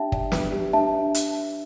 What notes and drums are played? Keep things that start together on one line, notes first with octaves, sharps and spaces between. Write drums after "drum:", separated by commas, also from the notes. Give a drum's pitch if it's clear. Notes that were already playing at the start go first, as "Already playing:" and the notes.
Already playing: D4 G4 E5 G5 A5
D5, drum: kick
B4, drum: snare
G4
D4 E5 A5
drum: hi-hat